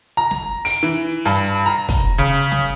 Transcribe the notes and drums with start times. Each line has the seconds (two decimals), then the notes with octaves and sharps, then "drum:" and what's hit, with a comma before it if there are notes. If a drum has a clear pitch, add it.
0.17 A#5
0.31 drum: snare
0.65 D7, drum: open hi-hat
0.83 E3
1.25 G2, drum: hi-hat
1.66 A#5
1.89 drum: kick, hi-hat
2.18 C#3
2.52 drum: snare